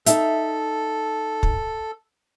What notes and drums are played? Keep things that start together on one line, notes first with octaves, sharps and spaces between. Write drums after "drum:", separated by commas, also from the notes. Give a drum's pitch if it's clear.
D#4 A4 E5, drum: hi-hat
drum: kick